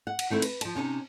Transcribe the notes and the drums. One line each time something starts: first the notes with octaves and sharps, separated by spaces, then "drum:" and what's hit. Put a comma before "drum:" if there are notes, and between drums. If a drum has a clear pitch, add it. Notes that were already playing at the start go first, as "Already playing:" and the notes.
F#5
drum: cymbal
D#3 A3 C4 E4
B4, drum: cymbal
F3 A5, drum: cymbal
C3 C#4 D#4 A5